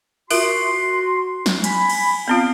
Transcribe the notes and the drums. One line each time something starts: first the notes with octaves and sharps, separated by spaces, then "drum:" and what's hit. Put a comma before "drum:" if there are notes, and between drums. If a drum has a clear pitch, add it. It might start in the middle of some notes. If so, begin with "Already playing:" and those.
F4 F#4 A#4 E5 C6, drum: open hi-hat
drum: snare
G#5 B5, drum: hi-hat
drum: cymbal
B3 C4 F4 F5